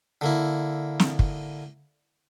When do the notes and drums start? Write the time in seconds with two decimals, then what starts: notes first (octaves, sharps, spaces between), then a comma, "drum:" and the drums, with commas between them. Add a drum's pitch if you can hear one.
0.21 D3 A#3 E4
0.99 drum: snare
1.19 drum: kick